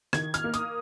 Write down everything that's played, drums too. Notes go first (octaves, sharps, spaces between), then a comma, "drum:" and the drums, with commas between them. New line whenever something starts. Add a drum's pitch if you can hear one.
D#3 G#6, drum: rim click
F6, drum: hi-hat
A#3
D#6, drum: hi-hat